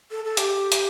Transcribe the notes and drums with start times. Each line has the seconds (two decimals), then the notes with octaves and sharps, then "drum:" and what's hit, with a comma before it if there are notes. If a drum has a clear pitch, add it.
0.11 A4
0.25 A4
0.37 G4, drum: hi-hat
0.72 drum: hi-hat